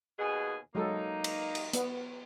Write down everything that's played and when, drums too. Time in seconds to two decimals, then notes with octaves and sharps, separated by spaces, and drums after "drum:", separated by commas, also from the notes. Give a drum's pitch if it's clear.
0.19 D#2 B2 G#4
0.75 F#3 G#3 A#3 D#4 A4
1.24 drum: cymbal
1.55 drum: cymbal
1.73 B3, drum: hi-hat